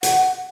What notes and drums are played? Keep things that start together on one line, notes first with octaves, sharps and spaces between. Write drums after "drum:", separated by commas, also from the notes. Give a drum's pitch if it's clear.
F#5, drum: hi-hat